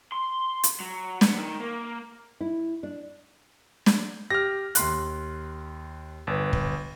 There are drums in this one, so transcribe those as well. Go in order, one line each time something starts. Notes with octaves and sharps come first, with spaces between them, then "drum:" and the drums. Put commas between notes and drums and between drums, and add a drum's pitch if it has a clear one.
C6
drum: hi-hat
F#3
B3, drum: snare
D#3
A#3
E4
D4
drum: snare
G4 F6 A#6
D#2 C6 F#6, drum: hi-hat
G1 B4
drum: kick